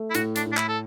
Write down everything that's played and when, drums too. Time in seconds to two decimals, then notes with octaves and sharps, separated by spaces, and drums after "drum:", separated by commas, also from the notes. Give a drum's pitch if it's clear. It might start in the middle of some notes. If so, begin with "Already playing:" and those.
Already playing: A3
0.10 E4
0.15 A2 F#4, drum: hi-hat
0.36 D4, drum: hi-hat
0.46 A2
0.52 D4
0.57 E4, drum: clap
0.68 A4